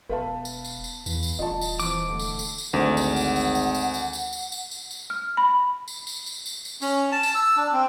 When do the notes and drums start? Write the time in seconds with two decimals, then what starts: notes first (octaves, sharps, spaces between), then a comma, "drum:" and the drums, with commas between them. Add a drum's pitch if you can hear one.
0.09 E1 B3 B4 E5 F5 A5
0.45 drum: tambourine
0.65 drum: tambourine
0.84 drum: tambourine
1.06 E2 E3, drum: tambourine
1.23 drum: tambourine
1.39 D#1 D4 F4 D#5 A5
1.61 drum: tambourine
1.80 E3 C4 D6, drum: tambourine
2.09 D3 A3
2.19 drum: tambourine
2.39 drum: tambourine
2.58 drum: tambourine
2.73 G#1 D2 F#5
2.97 drum: tambourine
3.16 drum: tambourine
3.36 drum: tambourine
3.55 drum: tambourine
3.74 drum: tambourine
3.94 drum: tambourine
4.13 drum: tambourine
4.33 drum: tambourine
4.52 drum: tambourine
4.71 drum: tambourine
4.91 drum: tambourine
5.10 F6
5.37 B5
5.88 drum: tambourine
6.07 drum: tambourine
6.26 drum: tambourine
6.46 drum: tambourine
6.65 drum: tambourine
6.82 C#4, drum: tambourine
7.12 A5
7.23 drum: tambourine
7.35 E6
7.57 D4
7.72 C4